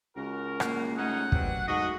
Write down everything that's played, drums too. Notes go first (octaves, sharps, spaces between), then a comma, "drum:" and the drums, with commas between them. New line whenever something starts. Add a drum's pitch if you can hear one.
C#2 F#4 A#4
A#3, drum: rim click
G3 A3 C#4 D#4 F#5
E3 F#3 G3 C4, drum: kick
G#2 A3 F#4 D#5